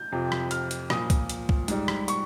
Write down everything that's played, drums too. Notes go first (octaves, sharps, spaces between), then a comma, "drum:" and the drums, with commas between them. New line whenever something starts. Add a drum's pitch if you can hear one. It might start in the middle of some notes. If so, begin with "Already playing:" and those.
Already playing: G6
F2 C3 F3
drum: rim click
F6, drum: hi-hat
drum: hi-hat
A#2 F3 D#6, drum: rim click
drum: kick C2, hi-hat
drum: hi-hat
drum: kick C2
G#2 G3, drum: hi-hat
drum: rim click
C#6, drum: hi-hat